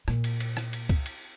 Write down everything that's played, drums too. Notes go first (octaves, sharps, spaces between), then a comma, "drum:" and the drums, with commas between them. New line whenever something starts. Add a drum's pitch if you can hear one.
A#2, drum: rim click
drum: cymbal
drum: cymbal
drum: rim click
drum: cymbal
drum: kick C#2, cymbal
drum: cymbal